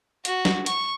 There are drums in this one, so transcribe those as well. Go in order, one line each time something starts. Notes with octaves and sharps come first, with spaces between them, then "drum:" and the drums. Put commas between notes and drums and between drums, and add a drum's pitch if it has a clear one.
F#4, drum: hi-hat
drum: snare
C#6, drum: hi-hat